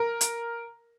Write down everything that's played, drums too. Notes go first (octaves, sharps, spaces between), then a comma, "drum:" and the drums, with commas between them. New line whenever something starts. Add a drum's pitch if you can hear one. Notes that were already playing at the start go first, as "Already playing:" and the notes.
Already playing: A#4
drum: hi-hat